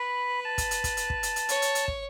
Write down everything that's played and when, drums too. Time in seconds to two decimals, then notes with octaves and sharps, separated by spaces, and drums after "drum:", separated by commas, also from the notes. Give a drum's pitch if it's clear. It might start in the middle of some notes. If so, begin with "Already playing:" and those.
Already playing: B4 B5
0.45 A5
0.58 drum: kick, hi-hat
0.71 drum: hi-hat
0.84 drum: kick, hi-hat
0.97 drum: hi-hat
1.10 drum: kick
1.23 drum: hi-hat
1.36 drum: hi-hat
1.49 C#5, drum: hi-hat
1.62 drum: hi-hat
1.75 drum: hi-hat
1.88 drum: kick